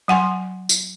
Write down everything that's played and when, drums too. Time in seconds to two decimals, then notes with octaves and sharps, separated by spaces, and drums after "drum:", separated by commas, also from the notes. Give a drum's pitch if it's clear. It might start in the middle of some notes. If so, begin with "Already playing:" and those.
0.08 F#3 F#5 G#5 C6
0.69 drum: tambourine